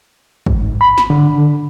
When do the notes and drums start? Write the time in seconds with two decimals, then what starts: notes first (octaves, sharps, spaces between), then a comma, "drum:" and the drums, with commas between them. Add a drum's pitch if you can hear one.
0.46 G#2, drum: kick
0.81 B5
0.98 drum: snare
1.10 D3